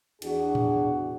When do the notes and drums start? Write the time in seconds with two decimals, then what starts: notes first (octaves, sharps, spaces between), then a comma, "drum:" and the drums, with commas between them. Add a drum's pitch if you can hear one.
0.22 E2 D4 F#4 G#4, drum: cymbal
0.55 drum: tom A2